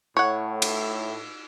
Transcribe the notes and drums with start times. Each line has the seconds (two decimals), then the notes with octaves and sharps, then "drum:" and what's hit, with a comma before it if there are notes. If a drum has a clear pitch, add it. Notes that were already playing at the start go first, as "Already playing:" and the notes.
0.17 A2 C#5 F#5
0.62 drum: cymbal